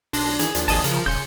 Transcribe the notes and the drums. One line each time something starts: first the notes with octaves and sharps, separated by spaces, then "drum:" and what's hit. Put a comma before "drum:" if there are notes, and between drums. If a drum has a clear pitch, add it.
B1 D4 C6 A#6, drum: open hi-hat
drum: snare
D#3 E3 G#4, drum: hi-hat
D#2 F3 D4, drum: hi-hat
G#1 G#4 D#5 A5, drum: open hi-hat
C#3 F3 A#4, drum: hi-hat
D#1 C#3 G#5 C6 G6 C#7